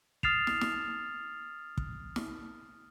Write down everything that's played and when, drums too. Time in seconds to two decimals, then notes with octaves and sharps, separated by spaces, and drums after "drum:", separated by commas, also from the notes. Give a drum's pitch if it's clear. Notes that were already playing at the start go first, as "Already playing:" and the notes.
0.23 D#6 F6 A6 C7 E7 F7, drum: kick
0.47 drum: snare
0.61 drum: snare
1.77 drum: kick
2.16 drum: snare